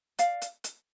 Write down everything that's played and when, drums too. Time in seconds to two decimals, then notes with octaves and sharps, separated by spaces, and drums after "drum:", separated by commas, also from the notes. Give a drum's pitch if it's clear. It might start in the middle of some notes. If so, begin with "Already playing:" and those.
0.19 D5 F5, drum: hi-hat
0.42 drum: hi-hat
0.64 drum: hi-hat